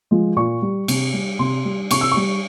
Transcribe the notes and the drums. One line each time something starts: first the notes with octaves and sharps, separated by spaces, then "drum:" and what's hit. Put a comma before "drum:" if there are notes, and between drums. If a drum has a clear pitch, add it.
F3 G#3
A#2 C#6
G3
C3, drum: cymbal
G3
C3 C6
G3
C3 C#6, drum: cymbal
E6
C#6
G3